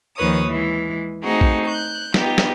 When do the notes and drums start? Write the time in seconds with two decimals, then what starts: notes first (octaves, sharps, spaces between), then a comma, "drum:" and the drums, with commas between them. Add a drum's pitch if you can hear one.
0.17 D#2 D#3 F3 B4 C#5 D#6
0.47 E3 G#3
1.22 A3 C4 D#4 F#4 G#4
1.41 drum: kick
1.65 F#6 G6
2.14 B3 D#4 F4 G4, drum: snare
2.38 drum: snare